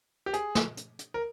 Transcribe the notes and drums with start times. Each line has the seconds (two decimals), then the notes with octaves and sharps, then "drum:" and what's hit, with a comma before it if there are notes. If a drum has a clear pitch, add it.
0.26 G4
0.33 G#4, drum: hi-hat
0.55 drum: snare
0.77 drum: hi-hat
0.99 drum: hi-hat
1.14 A#4